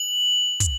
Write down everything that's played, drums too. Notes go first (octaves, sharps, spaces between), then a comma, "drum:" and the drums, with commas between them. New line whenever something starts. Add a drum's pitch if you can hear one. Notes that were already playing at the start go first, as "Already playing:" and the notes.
Already playing: F#7
drum: kick, hi-hat